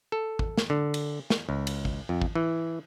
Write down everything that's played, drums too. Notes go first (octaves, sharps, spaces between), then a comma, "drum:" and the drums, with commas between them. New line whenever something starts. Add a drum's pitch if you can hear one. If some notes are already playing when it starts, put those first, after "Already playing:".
A4
drum: kick
drum: snare
D3
drum: cymbal
drum: snare
C#2
drum: cymbal
drum: kick
F2
drum: kick
E3